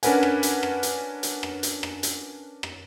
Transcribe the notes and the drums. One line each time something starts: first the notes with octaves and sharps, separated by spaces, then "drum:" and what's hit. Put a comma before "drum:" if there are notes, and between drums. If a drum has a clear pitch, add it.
C#4 D4 A#4 B4 F#5 G#5, drum: hi-hat
drum: rim click
drum: hi-hat
drum: rim click
drum: hi-hat
drum: hi-hat
drum: rim click
drum: hi-hat
drum: rim click
drum: hi-hat
drum: rim click